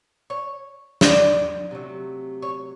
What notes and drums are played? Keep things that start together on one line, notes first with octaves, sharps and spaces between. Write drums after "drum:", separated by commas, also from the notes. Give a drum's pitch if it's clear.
C#5
D5, drum: snare
C3 D#3 F#3 A3
C#5